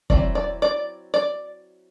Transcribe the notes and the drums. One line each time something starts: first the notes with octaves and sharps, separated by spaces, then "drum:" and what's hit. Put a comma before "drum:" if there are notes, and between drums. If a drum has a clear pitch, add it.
F#3 C4 E4 D5, drum: kick
D5
D5
D5